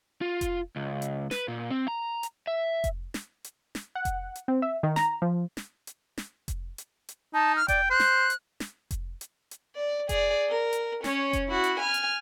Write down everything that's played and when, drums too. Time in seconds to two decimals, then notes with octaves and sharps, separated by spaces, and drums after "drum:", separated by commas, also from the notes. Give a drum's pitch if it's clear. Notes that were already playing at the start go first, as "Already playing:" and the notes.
0.21 F4
0.41 drum: kick F1, hi-hat
0.76 C#2
1.02 drum: hi-hat
1.31 B4, drum: snare
1.48 A#2
1.71 C4
1.88 A#5
2.23 drum: hi-hat
2.47 E5
2.84 drum: kick F1, hi-hat
3.14 drum: snare
3.44 drum: hi-hat
3.75 drum: snare
3.95 F#5
4.05 drum: kick F1, hi-hat
4.36 drum: hi-hat
4.48 C4
4.62 E5
4.83 D#3
4.96 A#5, drum: snare
5.22 F3
5.57 drum: snare
5.87 drum: hi-hat
6.18 drum: snare
6.48 drum: kick F1, hi-hat
6.78 drum: hi-hat
7.09 drum: hi-hat
7.34 D#4 A5
7.56 F6
7.68 D5 G5, drum: kick F1, hi-hat
7.90 C5 F#6
8.00 drum: snare
8.30 drum: hi-hat
8.60 drum: snare
8.91 drum: kick F1, hi-hat
9.21 drum: hi-hat
9.51 drum: hi-hat
9.76 D5
10.09 G#4 D5, drum: kick F1, hi-hat
10.49 A#4
10.73 drum: hi-hat
11.04 C#4 C#5, drum: snare
11.33 drum: kick F1, hi-hat
11.48 E4 F#4
11.64 drum: hi-hat
11.80 G#5 F6
11.94 drum: hi-hat